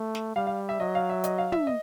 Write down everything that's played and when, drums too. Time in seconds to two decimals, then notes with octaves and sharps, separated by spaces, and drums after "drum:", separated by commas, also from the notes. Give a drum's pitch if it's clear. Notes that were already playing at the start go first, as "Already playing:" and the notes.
Already playing: A3
0.15 drum: snare
0.36 G3 F5
0.47 F5
0.69 E5
0.80 F#3 D#5
0.95 F5
1.10 E5
1.24 D#5, drum: hi-hat
1.38 F5
1.52 E5, drum: tom
1.67 D#5